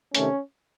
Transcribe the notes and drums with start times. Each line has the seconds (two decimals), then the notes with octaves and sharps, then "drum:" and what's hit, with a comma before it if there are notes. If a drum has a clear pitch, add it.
0.15 C3 D#3 A3 C#4, drum: hi-hat